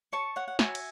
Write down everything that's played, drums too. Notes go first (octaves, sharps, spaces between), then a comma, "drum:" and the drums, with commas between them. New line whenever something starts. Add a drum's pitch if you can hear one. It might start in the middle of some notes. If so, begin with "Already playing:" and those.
C#5 A5 C#6
C#5 F#5
F#5
F#4 E5 G#5, drum: snare
drum: cymbal